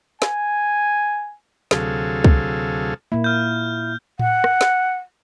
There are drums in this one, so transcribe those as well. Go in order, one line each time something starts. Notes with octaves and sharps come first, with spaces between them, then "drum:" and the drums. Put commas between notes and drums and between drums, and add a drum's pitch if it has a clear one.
G#5, drum: snare
D2 C3 F#3 G#4 A4 F5, drum: snare
drum: kick
A#2 A#3 E4
F6 G6
F#5, drum: tom A2
drum: rim click
drum: snare